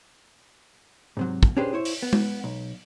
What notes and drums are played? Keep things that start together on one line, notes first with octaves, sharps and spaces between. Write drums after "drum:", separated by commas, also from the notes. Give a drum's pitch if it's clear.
G#2 C3 F#3
drum: kick
C#4 D4 G4 G#4 B4 C5
E4 C5 C#5
drum: open hi-hat
B3
drum: tom G#3
B1